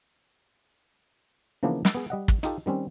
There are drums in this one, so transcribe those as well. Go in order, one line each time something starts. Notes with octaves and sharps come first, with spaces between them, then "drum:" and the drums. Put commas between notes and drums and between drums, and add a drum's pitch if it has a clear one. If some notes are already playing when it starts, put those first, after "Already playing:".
C#3 E3 F3 A#3 B3 D4
drum: snare
B3 G#4
G3 D#5 F#5
drum: kick
D#4 F4 G4 A4, drum: hi-hat
D#3 G3 C4 C#4